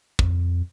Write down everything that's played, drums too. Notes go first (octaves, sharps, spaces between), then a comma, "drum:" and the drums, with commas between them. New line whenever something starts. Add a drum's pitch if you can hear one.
F2, drum: kick